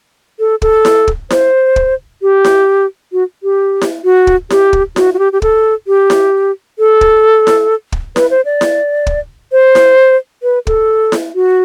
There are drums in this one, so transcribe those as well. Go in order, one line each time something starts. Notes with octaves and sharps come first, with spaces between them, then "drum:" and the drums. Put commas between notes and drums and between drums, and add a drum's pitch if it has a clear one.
A4
A4, drum: kick
drum: snare E4
drum: kick
C5, drum: snare E4
drum: kick
G4
drum: snare E4
F#4
G4
drum: snare E4
F#4
drum: kick
G4, drum: snare E4
drum: kick
F#4, drum: snare E4
F#4
G4
G4
A4, drum: kick
G4
drum: snare E4
A4
drum: kick
drum: snare E4
drum: kick
B4, drum: snare E4
C5
D5
drum: snare E4
drum: kick
C5
drum: snare E4
B4
A4, drum: kick
drum: snare E4
F#4